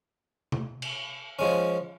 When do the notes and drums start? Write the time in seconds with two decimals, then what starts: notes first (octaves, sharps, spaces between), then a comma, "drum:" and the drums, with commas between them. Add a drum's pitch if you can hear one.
0.52 drum: tom C3
0.82 drum: cymbal
1.39 F3 G#3 C#4